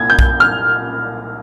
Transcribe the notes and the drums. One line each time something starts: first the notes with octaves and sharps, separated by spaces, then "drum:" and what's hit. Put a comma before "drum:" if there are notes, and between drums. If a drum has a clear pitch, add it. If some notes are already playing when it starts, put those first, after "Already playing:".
Already playing: C2 A#2 G#6
G6
drum: kick B1
F6